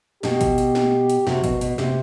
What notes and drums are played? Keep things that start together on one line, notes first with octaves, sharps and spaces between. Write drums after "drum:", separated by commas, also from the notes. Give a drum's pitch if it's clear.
B2 G4, drum: snare
drum: kick G#1, hi-hat
drum: hi-hat
drum: snare
drum: hi-hat
C3 F#4, drum: snare
B2, drum: kick G#1, hi-hat
B2, drum: hi-hat
C3, drum: snare